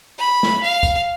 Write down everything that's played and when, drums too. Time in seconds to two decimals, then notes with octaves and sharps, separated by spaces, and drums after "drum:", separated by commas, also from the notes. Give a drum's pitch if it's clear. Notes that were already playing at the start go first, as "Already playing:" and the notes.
0.19 B5
0.43 drum: snare
0.63 F5
0.83 drum: kick, tambourine